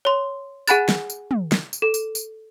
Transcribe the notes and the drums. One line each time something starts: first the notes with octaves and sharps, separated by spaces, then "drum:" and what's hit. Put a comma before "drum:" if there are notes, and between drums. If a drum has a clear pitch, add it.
C#5 C6
G#4 F#5 G#5 B5 F#6 A6, drum: tambourine
drum: snare
drum: tambourine
drum: tom
drum: snare
drum: tambourine
A4
drum: tambourine
drum: tambourine